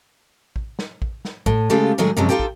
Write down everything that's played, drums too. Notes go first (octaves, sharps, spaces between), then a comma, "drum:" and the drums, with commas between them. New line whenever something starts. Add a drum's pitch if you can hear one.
drum: kick
drum: snare
drum: kick
drum: snare
A2, drum: kick
C#3 G#3 A3 F4 G4 A4
A2 D#3 F#3 G#3 A3 G#4
F#2 C3 F3 F#3 G#3
D#4 F4 G4 A4 G5
drum: kick